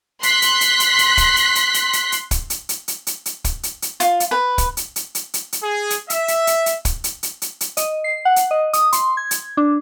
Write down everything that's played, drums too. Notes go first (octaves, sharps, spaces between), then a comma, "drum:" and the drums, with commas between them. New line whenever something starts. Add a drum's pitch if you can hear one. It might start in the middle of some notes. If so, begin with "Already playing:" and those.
C6 F#6 B6, drum: hi-hat
drum: hi-hat
drum: hi-hat
drum: hi-hat
drum: hi-hat
drum: kick, hi-hat
drum: hi-hat
drum: hi-hat
drum: hi-hat
drum: hi-hat
drum: hi-hat
drum: kick, hi-hat
drum: hi-hat
drum: hi-hat
drum: hi-hat
drum: hi-hat
drum: hi-hat
drum: kick, hi-hat
drum: hi-hat
drum: hi-hat
F4, drum: hi-hat
drum: hi-hat
B4
drum: kick, hi-hat
drum: hi-hat
drum: hi-hat
drum: hi-hat
drum: hi-hat
drum: hi-hat
G#4
drum: hi-hat
E5, drum: hi-hat
drum: hi-hat
drum: hi-hat
drum: hi-hat
drum: kick, hi-hat
drum: hi-hat
drum: hi-hat
drum: hi-hat
drum: hi-hat
D#5, drum: hi-hat
C7
F#5
drum: hi-hat
D#5
D#6, drum: hi-hat
C6, drum: hi-hat
G#6
drum: hi-hat
D4